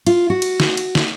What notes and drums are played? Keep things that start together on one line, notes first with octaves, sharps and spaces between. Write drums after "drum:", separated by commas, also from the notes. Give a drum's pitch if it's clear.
F4, drum: cymbal
F#4
drum: cymbal
drum: snare
drum: cymbal
drum: snare